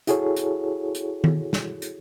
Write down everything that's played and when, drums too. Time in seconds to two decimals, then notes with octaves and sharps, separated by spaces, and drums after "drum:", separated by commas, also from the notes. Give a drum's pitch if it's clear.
0.07 E4 F#4 G#4 A4 C#5, drum: hi-hat
0.36 drum: hi-hat
0.95 drum: hi-hat
1.24 drum: tom D#3
1.53 drum: snare
1.82 drum: hi-hat